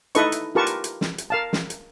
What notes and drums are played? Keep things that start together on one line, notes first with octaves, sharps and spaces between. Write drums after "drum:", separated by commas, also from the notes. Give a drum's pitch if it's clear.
D#4 E4 A4 B4 D#5 C#6, drum: hi-hat
drum: hi-hat
F4 G4 A#4 B4 A5 C#6
drum: hi-hat
drum: hi-hat
drum: snare
drum: hi-hat
A#4 F5 A5
drum: snare
drum: hi-hat